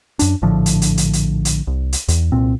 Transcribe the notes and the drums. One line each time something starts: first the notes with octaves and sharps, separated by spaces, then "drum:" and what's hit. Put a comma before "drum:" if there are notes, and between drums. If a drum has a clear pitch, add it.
F#2 D4, drum: hi-hat
A#1 A2 D3 F3
drum: hi-hat
drum: hi-hat
drum: hi-hat
drum: hi-hat
drum: hi-hat
C2
drum: hi-hat
E2, drum: hi-hat
C2 A#2 C4